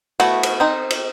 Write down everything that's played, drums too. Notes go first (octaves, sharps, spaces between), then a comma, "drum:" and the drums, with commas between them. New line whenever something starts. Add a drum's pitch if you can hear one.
A3 B3 E4 F#4, drum: cymbal
drum: cymbal
C4 D#4
drum: cymbal